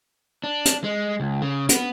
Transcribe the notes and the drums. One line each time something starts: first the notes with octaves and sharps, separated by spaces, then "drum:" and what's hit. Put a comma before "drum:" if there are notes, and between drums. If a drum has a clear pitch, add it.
D4
drum: hi-hat
G#3
C#2
C#3
B3, drum: hi-hat